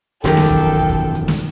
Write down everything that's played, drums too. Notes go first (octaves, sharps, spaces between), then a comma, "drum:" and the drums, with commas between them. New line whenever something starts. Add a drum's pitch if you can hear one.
E1 F#2 D#3 F3 G4 A4 A#4 G5
drum: snare
drum: kick
drum: kick
drum: kick, hi-hat
drum: hi-hat
drum: snare